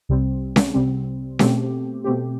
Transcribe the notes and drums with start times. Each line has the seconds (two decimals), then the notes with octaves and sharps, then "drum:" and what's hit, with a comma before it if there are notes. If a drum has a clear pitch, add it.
0.09 C2 C3 G3 C4
0.56 drum: snare C#4
0.74 C2 C3 G3 C4
1.39 B2 A3 C4 G4, drum: snare C#4
2.04 B2 A3 C4 G4